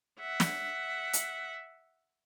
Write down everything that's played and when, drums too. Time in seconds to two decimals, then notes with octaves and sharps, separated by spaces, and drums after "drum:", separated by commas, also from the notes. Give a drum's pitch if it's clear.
0.19 E5 F#5
0.40 drum: snare
1.13 drum: hi-hat